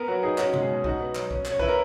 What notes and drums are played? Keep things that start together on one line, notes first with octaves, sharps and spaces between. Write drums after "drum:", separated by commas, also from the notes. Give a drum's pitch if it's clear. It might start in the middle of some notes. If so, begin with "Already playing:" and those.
Already playing: B3 A#4
F#3 F#4
D#4 G#4
C#4 F#4, drum: clap
G#3, drum: tom C3
G#4
B2
D#4 F#4, drum: kick B1
B3
F#3, drum: clap
C#4, drum: kick B1
C#4, drum: clap
C#5
E4 B4, drum: kick B1
A#4